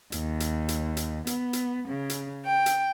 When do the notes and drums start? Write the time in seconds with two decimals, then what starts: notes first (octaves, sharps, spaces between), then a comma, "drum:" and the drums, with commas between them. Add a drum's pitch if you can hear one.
0.12 D#2, drum: hi-hat
0.40 drum: hi-hat
0.68 drum: hi-hat
0.97 drum: hi-hat
1.27 B3, drum: hi-hat
1.53 drum: hi-hat
1.88 C#3
2.10 drum: hi-hat
2.45 G5
2.66 drum: hi-hat